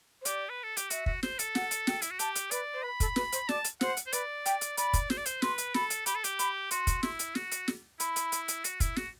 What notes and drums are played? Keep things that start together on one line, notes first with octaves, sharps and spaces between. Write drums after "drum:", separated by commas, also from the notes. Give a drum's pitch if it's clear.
C5
G4 D5, drum: hi-hat
B4
A4
G4, drum: hi-hat
F#4 E5, drum: hi-hat
F#4, drum: kick
C5, drum: snare
A4, drum: hi-hat
F#5, drum: snare
drum: hi-hat
G5, drum: snare
E4, drum: hi-hat
F#4
G4 A5, drum: hi-hat
drum: hi-hat
B4 D5, drum: hi-hat
C5
B4 B5
A4, drum: kick, hi-hat
B4, drum: snare
C5, drum: hi-hat
D5 A5, drum: snare
drum: hi-hat
C5 F#5, drum: snare
drum: hi-hat
C5
B4 D5, drum: hi-hat
G5, drum: hi-hat
drum: hi-hat
D5 B5, drum: hi-hat
drum: kick, hi-hat
C5, drum: snare
D5
C5, drum: hi-hat
B4 C6, drum: snare
drum: hi-hat
A4 B5, drum: snare
drum: hi-hat
G4 B5, drum: hi-hat
A4
G4, drum: hi-hat
B5, drum: hi-hat
F#4 C6, drum: hi-hat
drum: kick, hi-hat
E4, drum: snare
drum: hi-hat
F#4, drum: snare
drum: hi-hat
drum: snare
E4 B5, drum: hi-hat
drum: hi-hat
drum: hi-hat
drum: hi-hat
F#4, drum: hi-hat
E4, drum: kick, hi-hat
F#4, drum: snare